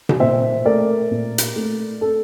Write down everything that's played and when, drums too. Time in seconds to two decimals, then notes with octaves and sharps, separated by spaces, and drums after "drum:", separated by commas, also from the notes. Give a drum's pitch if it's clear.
0.09 drum: tom B2
0.20 A#2 C5 E5
0.65 A3 A#4 D5
1.11 A#2
1.38 drum: hi-hat
1.56 A3
2.01 A4